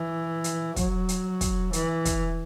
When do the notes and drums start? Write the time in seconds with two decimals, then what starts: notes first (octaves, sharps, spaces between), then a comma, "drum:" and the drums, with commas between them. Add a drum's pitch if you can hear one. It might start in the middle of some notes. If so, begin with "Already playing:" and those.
Already playing: E3
0.44 drum: hi-hat
0.76 F#3, drum: kick, hi-hat
1.09 drum: hi-hat
1.41 drum: kick, hi-hat
1.73 E3, drum: hi-hat
2.05 drum: kick, hi-hat